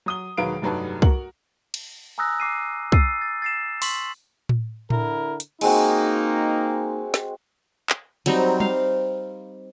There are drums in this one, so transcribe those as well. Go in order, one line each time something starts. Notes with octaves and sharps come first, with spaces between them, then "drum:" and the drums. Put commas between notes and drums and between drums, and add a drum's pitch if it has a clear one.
F#3 D#6 G7
E1 D#3 F#3 B4 F5 D7
F1 G2 F#3 D#4 B4 A5
F#4 A#4 F#7, drum: kick
drum: cymbal
G#5 A#5 D#6 E6 F#6 A#6
D6 C7 D#7
E6 A6 C7 D#7, drum: kick
A6
A6 C7 E7
C6 C#6 B6 F#7, drum: open hi-hat
drum: tom A2
D3 E4 A#4, drum: tom A2
drum: hi-hat
G#3 A#3 C4 D#4 F#4, drum: cymbal
drum: snare
drum: clap
F#3 G3 C4 D#4, drum: cymbal
F5, drum: tom G3